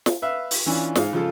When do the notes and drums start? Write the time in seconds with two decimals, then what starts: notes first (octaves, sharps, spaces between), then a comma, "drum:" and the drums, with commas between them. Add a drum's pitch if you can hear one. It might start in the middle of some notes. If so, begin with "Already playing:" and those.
0.06 drum: snare
0.22 B4 E5 F5
0.51 drum: open hi-hat
0.66 E3 C#4 D4 F4
0.95 G#2 G#3 F5, drum: snare
1.13 C#3 F3 G#3 F4 A4